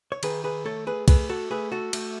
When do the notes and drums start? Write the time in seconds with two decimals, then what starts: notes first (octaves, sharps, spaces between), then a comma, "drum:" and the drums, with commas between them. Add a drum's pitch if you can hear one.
0.12 C#5
0.23 D#3 G#4 B4, drum: cymbal
0.44 G#4 B4
0.65 A3 A4 C#5
0.87 G#4 B4
1.08 A3 G#4 B4, drum: kick, cymbal
1.29 F#4 A4
1.51 A3 G#4 B4
1.72 F#4 A4
1.93 A3, drum: cymbal